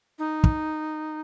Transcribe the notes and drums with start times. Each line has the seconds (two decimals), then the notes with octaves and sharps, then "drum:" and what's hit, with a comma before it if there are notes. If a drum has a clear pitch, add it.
0.19 D#4
0.44 drum: kick